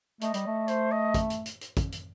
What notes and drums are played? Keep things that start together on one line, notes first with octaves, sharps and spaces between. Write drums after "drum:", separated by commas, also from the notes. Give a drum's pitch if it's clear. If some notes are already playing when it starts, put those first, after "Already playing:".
A3 D#5, drum: hi-hat
G3, drum: hi-hat
A3
C5, drum: hi-hat
D#5
drum: kick, hi-hat
drum: hi-hat
drum: hi-hat
drum: hi-hat
drum: kick, hi-hat
drum: hi-hat